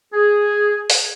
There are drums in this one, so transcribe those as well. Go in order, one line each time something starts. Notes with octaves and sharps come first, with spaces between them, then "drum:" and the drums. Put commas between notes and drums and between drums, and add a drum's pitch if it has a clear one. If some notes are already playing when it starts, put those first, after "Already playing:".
G#4
drum: open hi-hat